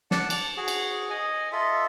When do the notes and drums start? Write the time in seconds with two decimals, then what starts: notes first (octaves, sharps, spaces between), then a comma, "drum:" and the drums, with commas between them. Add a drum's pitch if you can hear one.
0.11 D5 F#5 A5, drum: snare
0.30 A5, drum: cymbal
0.57 F#4 G#4
0.68 drum: cymbal
1.10 D#5 G#5
1.52 F4 A4 D#5 E5